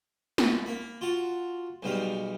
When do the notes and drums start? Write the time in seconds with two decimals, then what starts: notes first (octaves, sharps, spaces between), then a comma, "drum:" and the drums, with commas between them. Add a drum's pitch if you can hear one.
0.38 drum: snare
0.66 A#3 B5
1.01 F4 F#4 A5
1.83 B1 G#2 B2 G3 F5